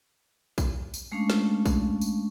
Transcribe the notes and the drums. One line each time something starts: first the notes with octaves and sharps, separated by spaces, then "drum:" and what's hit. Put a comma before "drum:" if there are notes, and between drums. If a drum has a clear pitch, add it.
drum: kick A#1, tambourine
drum: tambourine
G#3 A3 C#4 D4 F5 C#6
drum: snare
drum: kick A#1, tambourine
drum: tambourine